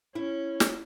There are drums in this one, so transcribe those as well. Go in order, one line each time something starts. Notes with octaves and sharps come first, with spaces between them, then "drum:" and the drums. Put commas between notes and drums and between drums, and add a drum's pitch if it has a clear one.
C#4 E4
drum: snare